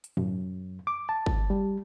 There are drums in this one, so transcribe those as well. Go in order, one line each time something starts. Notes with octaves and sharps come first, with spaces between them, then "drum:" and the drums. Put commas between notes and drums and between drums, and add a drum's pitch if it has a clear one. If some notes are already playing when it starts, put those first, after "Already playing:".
drum: hi-hat
F#2, drum: tom G#2
D6
A5
drum: kick
G3